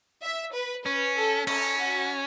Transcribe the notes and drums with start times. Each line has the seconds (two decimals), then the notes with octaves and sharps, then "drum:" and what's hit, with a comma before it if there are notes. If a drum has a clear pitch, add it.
0.24 E5
0.54 B4
0.85 C#4 B4
1.17 A4
1.47 C#4 A4, drum: cymbal
1.78 F#4